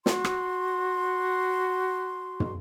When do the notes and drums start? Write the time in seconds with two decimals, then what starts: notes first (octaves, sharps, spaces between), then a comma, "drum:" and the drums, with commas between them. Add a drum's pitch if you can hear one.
0.06 F#4 C6, drum: snare
0.24 drum: rim click
2.40 drum: tom